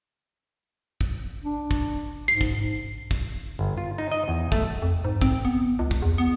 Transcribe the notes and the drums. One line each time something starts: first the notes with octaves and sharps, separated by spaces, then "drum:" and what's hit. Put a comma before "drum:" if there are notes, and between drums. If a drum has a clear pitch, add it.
drum: kick
D4
drum: kick
G#2 C7
drum: kick
drum: kick
G1
F4
D#4
D#5
E2
A3, drum: kick
F2
G#2
C4, drum: kick
B3
C#2
drum: kick
E2
B3